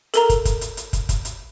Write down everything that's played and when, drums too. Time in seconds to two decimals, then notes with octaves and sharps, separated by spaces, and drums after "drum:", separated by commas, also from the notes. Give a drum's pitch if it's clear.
0.14 A4 A#4 A#5, drum: hi-hat
0.30 drum: kick, hi-hat
0.45 drum: kick, hi-hat
0.61 drum: hi-hat
0.77 drum: hi-hat
0.93 drum: kick, hi-hat
1.09 drum: kick, hi-hat
1.25 drum: hi-hat